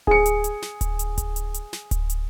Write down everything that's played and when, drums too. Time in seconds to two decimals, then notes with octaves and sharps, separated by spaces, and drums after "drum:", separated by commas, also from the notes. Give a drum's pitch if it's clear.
0.07 G#4 C#7, drum: kick D1
0.26 drum: hi-hat
0.44 drum: hi-hat
0.62 drum: snare
0.81 drum: kick D1, hi-hat
0.99 drum: hi-hat
1.18 drum: kick D1, hi-hat
1.36 drum: hi-hat
1.54 drum: hi-hat
1.73 drum: snare
1.91 drum: kick D1, hi-hat
2.10 drum: hi-hat